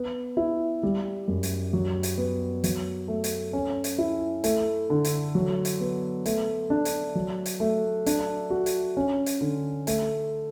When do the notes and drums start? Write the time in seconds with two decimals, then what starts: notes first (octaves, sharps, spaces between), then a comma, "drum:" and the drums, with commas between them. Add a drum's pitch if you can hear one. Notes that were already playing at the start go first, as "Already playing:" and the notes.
Already playing: B3
0.37 E4
0.83 G3
1.28 F#2
1.43 drum: hi-hat
1.73 F#3
2.03 drum: hi-hat
2.18 B3
2.64 F#3, drum: hi-hat
3.08 A3
3.24 drum: hi-hat
3.53 C#4
3.84 drum: hi-hat
3.98 E4
4.44 A3, drum: hi-hat
4.90 D3
5.05 drum: hi-hat
5.35 F#3
5.65 drum: hi-hat
5.80 B3
6.26 A3, drum: hi-hat
6.70 D4
6.85 drum: hi-hat
7.15 F#3
7.46 drum: hi-hat
7.60 A3
8.06 D4, drum: hi-hat
8.50 F#4
8.66 drum: hi-hat
8.97 C#4
9.26 drum: hi-hat
9.41 D3
9.87 A3, drum: hi-hat